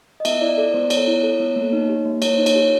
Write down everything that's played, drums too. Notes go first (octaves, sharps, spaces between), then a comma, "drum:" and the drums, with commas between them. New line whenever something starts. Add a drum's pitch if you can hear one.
D#5
B3 E5, drum: cymbal
E4 D5
A4 D5
B3 C5
B3 C#5, drum: cymbal
E4
A4
B3
A#3
D#4
G4
A#3
A#3 C#5, drum: cymbal
D#4 C5
C#5, drum: cymbal
G4